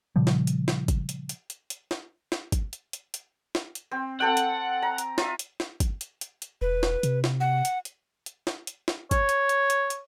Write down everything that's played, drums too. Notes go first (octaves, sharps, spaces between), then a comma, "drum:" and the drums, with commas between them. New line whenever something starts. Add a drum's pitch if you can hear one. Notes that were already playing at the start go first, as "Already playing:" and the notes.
A#2 C#3 F3 G3
drum: snare
drum: hi-hat
drum: snare
drum: kick, hi-hat
drum: hi-hat
drum: hi-hat
drum: hi-hat
drum: hi-hat
drum: snare
drum: snare
drum: kick, hi-hat
drum: hi-hat
drum: hi-hat
drum: hi-hat
drum: snare
drum: hi-hat
C4
C4 A4 F#5 G5
drum: hi-hat
A#5
drum: hi-hat
F4 E5, drum: snare
drum: hi-hat
drum: snare
drum: kick, hi-hat
drum: hi-hat
drum: hi-hat
drum: hi-hat
E1 B4
drum: snare
C3, drum: hi-hat
drum: snare
F#5
drum: hi-hat
drum: hi-hat
drum: hi-hat
drum: snare
drum: hi-hat
drum: snare
C#5, drum: kick, hi-hat
drum: hi-hat
drum: hi-hat
drum: hi-hat
drum: hi-hat